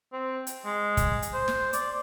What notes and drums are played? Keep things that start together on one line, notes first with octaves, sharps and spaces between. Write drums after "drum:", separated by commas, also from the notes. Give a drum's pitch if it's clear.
C4
drum: hi-hat
G#3
drum: kick, hi-hat
drum: hi-hat
C5
drum: snare
D5, drum: hi-hat